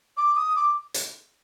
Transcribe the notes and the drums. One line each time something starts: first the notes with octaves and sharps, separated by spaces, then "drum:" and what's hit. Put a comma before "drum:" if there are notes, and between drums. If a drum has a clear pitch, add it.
D6
D#6
D6
drum: hi-hat